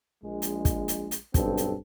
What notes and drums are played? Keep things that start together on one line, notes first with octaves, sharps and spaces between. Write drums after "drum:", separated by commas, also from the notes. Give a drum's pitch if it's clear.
A#1 G#3
drum: hi-hat
drum: kick, hi-hat
drum: hi-hat
drum: hi-hat
B1 G2 C4 A4, drum: kick, hi-hat
drum: hi-hat